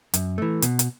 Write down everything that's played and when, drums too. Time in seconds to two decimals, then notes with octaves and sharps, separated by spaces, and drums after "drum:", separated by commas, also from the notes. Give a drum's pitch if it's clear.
0.14 F#2, drum: hi-hat
0.38 E3 A3
0.62 B2, drum: hi-hat
0.79 drum: hi-hat